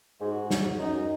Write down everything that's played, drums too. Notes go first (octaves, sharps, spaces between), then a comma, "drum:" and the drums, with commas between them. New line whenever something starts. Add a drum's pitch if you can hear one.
G#2 F#4
drum: snare
F#2 D#4